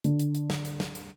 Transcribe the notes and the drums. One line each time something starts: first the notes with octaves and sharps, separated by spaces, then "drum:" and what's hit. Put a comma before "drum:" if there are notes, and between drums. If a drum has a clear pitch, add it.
D3, drum: hi-hat
drum: hi-hat
drum: hi-hat
drum: snare
drum: hi-hat
drum: snare
drum: hi-hat